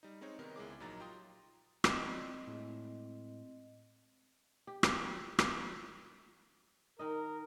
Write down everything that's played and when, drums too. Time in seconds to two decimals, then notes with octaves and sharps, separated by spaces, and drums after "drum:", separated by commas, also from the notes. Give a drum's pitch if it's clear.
0.03 G3 D#4
0.21 G#3 C4 D#4 C#5
0.39 C3 D#3 B3 D#4 A#4
0.56 C#2 G#3 E4 G#4 D6
0.80 A#1 F#3 A#3 D#4 A#5 A6
1.00 F4 G4 G5 A#5 C6 D#6
1.84 C4 D5 D#5 G5, drum: rim click
2.47 A2 G#3
4.67 G4
4.83 drum: rim click
5.39 drum: rim click
6.99 D#3 D#4 A#4 D#5